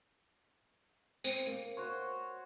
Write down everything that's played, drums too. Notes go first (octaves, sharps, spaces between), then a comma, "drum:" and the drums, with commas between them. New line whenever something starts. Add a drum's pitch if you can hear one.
C4, drum: tambourine
A#3
F#4 C5 C#5